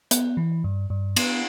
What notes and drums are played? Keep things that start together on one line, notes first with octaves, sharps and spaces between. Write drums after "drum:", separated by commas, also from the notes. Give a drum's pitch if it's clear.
B3, drum: hi-hat
E3
G2
G2
B3, drum: cymbal